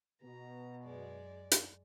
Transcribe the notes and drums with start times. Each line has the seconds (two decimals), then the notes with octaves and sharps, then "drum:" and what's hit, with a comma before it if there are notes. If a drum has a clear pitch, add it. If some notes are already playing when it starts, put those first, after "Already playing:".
0.23 B2 A#5
0.84 F#2 G#3 D5
1.51 drum: hi-hat